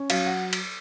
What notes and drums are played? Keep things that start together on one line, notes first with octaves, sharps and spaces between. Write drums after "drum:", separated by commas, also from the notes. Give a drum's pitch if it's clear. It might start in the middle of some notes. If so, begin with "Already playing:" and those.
Already playing: C#4
F#3 F5, drum: cymbal
F#5
drum: cymbal